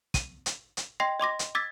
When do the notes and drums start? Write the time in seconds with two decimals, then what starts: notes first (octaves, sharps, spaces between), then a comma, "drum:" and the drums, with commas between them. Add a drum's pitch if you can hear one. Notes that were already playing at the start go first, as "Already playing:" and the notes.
0.14 D#7, drum: kick, hi-hat
0.46 drum: hi-hat
0.77 drum: hi-hat
1.00 D#5 G5 C6 A#6 C7
1.20 D#5 C6 D6 A#6
1.39 drum: hi-hat
1.55 D6 E6 G#6 A6 B6